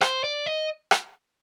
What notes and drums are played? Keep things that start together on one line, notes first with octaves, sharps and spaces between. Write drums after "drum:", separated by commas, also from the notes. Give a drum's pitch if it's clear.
C5, drum: rim click
D5
D#5
drum: rim click